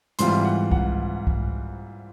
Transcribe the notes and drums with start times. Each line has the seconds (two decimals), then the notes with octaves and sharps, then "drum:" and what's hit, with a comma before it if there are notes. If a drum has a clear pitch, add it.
0.19 G#2 E3 G3 C4 F4 C6, drum: hi-hat
0.45 F#5
0.72 F#5, drum: kick C2
1.27 drum: kick C2